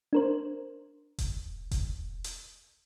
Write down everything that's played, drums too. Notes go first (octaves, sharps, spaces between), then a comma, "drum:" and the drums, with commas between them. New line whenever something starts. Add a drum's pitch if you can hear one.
D4 A#4 C5
drum: kick E1, hi-hat
drum: kick E1, hi-hat
drum: hi-hat